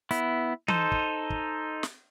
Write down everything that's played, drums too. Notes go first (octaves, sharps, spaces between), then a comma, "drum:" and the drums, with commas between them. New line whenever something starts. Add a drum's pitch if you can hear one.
B3 E4, drum: hi-hat
D#4 A4 C5, drum: tom E3
drum: kick
drum: kick
drum: snare